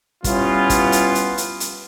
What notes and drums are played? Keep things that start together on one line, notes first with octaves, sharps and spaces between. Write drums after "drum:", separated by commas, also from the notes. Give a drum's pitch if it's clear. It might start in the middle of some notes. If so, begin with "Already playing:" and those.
G3 B3 C#4 E4 F4, drum: kick, hi-hat
drum: kick, hi-hat
drum: hi-hat
drum: hi-hat
drum: hi-hat
drum: hi-hat